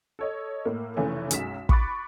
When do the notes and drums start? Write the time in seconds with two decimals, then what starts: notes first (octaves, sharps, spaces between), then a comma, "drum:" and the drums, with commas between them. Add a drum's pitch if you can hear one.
0.19 A4 C#5 D#5
0.65 A2 A#3
0.96 F1 C#3 E3 A3 C#4 C#5
1.31 B1 F#2 G#3 B6 E7, drum: hi-hat
1.69 B5 C#6 D6 F#6 A6, drum: kick